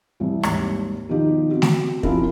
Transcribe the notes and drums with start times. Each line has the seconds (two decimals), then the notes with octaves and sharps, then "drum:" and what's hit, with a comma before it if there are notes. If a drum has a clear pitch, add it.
0.20 C2 E3
0.43 G#1 D#2 G3, drum: rim click
1.09 B2 D#3 F3 D#4 G4
1.51 C4 F#4
1.62 drum: snare A3
2.03 C3 F3 C#4 E4 A#4, drum: kick